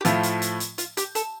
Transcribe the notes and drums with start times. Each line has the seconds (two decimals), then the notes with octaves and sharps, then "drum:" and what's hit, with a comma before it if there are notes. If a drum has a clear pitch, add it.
0.01 G4
0.05 A2 F3 A3 F4, drum: hi-hat
0.23 drum: hi-hat
0.42 drum: hi-hat
0.60 drum: hi-hat
0.78 F4, drum: hi-hat
0.97 G4, drum: hi-hat
1.15 A4, drum: hi-hat